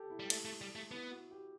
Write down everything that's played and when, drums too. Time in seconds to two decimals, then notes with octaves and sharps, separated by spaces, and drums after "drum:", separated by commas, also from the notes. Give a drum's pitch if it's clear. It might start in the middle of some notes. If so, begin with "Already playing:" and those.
Already playing: G4 A4
0.10 E4
0.20 G3
0.30 A3, drum: cymbal
0.45 A3
0.61 G3
0.75 A3
0.91 B3 E4
1.11 F#4
1.31 G4